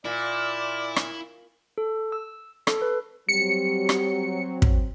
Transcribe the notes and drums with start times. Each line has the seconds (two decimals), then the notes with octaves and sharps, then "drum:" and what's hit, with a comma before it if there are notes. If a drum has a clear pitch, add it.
0.05 A#2 E4 D5
0.96 drum: rim click
1.78 A4
2.12 E6
2.67 A4, drum: rim click
2.82 B4
3.29 F#3 G3 C4 C#7
3.89 drum: rim click
4.62 drum: kick